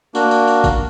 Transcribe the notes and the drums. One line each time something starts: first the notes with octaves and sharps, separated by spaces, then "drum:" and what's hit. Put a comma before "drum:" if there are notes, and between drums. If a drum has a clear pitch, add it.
A#3 D4 F#4, drum: tambourine
drum: tambourine
drum: tambourine
drum: kick, tambourine